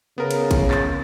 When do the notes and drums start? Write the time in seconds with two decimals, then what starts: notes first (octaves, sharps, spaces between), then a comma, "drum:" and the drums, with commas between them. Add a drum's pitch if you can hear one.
0.18 C#3 B3 A#4
0.31 drum: cymbal
0.51 drum: kick A1, cymbal
0.71 A6, drum: clap